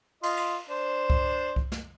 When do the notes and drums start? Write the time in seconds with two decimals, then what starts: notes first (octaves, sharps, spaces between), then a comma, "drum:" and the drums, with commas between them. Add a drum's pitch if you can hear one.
0.23 F4 D#5, drum: cymbal
0.37 drum: cymbal
0.69 D4 C5
1.10 drum: kick C2
1.56 drum: kick C2
1.72 drum: snare